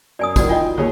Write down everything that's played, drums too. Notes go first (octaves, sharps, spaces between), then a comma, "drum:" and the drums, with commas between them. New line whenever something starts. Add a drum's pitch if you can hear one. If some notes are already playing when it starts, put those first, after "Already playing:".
F#2 D5 G#5 D#6
D#3 E3 G3 F#4 D5 F#5, drum: kick, tambourine
D#4 F4 D#5 G5 G#5
D#2 G#4 C#5